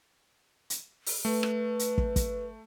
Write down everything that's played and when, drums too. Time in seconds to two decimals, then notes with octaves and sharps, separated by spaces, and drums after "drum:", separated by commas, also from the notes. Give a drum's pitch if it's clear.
0.70 drum: hi-hat
1.06 drum: open hi-hat
1.25 A3 B4
1.43 drum: rim click
1.79 drum: hi-hat
1.98 drum: kick
2.16 drum: kick, hi-hat